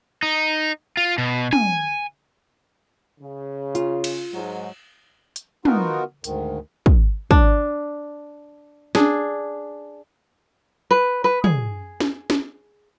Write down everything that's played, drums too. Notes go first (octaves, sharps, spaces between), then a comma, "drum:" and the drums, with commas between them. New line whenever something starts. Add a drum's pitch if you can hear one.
D#4
F4
B2
G#5, drum: tom
C#3
F4, drum: hi-hat
drum: cymbal
G#2 F#3
drum: hi-hat
B3 D#4 F4 F#4 A#4, drum: tom
D2 G#2 D#3, drum: hi-hat
drum: kick
D4, drum: kick
D4 G#4, drum: snare
B4
B4
G#4, drum: tom
drum: snare
drum: snare